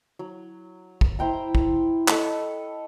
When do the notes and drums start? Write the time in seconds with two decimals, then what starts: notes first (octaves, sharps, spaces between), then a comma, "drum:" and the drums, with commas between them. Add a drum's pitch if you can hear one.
0.19 F#3
1.01 drum: kick
1.19 E4 C5 G5 A#5
1.55 drum: kick
2.08 A4 C#5 D#5 B5, drum: clap